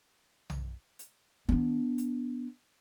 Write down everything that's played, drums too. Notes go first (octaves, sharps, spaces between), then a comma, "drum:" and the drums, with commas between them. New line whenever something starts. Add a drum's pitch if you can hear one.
drum: tom B1
drum: hi-hat
B3 D4, drum: tom D#3
drum: hi-hat